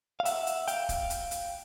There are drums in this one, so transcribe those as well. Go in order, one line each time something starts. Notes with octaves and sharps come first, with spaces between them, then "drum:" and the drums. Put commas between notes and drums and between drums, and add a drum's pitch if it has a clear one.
F5
E5 F#5, drum: hi-hat
drum: hi-hat
F5 G5, drum: hi-hat
drum: kick, hi-hat
drum: hi-hat
drum: hi-hat